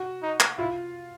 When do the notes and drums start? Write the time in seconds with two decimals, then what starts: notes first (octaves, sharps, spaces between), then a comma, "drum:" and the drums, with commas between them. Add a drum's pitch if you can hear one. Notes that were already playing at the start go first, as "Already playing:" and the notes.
Already playing: F#4
0.23 D#4
0.40 drum: clap
0.58 E4 F4